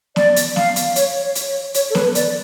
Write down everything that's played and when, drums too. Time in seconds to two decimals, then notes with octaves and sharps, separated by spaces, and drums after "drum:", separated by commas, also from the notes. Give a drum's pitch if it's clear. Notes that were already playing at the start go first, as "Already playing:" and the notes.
0.16 D5, drum: snare B3
0.36 drum: hi-hat
0.56 F5, drum: snare B3
0.76 drum: hi-hat
0.96 C#5, drum: hi-hat
1.23 C#5
1.35 drum: hi-hat
1.48 C#5
1.74 C#5, drum: hi-hat
1.90 A4
1.95 B4, drum: snare B3
2.15 D5, drum: hi-hat